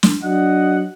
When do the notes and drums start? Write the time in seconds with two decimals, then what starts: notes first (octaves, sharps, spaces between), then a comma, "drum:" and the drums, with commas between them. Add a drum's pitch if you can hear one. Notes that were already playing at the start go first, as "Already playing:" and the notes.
0.03 drum: snare
0.23 F#3 D4 D#5 F#5